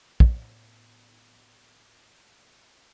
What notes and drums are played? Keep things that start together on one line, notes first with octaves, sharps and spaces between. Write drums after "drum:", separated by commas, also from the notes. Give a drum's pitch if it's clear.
A2 B3, drum: kick